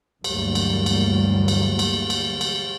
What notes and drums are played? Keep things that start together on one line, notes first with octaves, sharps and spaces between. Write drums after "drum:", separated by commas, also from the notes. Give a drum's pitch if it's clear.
D2 G2 E3 F#3 G3 A#3, drum: cymbal
drum: cymbal
drum: cymbal
drum: cymbal
drum: cymbal
drum: cymbal
drum: cymbal